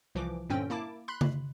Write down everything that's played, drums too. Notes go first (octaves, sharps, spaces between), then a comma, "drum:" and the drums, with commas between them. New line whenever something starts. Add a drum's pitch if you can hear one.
C2 E3 F3 D6
G2 A#2 D3 C4 C#4 G5
A#3 E4 A5 D6
B5 C6 F#6
drum: tom C#3